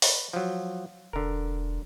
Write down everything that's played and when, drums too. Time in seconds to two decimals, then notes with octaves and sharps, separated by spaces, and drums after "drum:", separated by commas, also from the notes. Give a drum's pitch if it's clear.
0.02 B4, drum: open hi-hat
0.33 F3 F#3
1.13 E1 D3 A#4